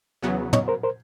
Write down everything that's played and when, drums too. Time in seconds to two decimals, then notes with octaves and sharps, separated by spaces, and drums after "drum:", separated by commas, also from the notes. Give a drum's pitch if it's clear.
0.23 E2 C#3 F#3 B3
0.53 C#5 D#5, drum: tom
0.68 A#4 C5
0.83 A#4 C5